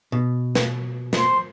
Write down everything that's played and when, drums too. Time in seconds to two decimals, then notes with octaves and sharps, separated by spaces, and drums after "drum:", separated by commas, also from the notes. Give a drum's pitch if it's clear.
0.12 B2
0.55 drum: snare
1.13 C5, drum: snare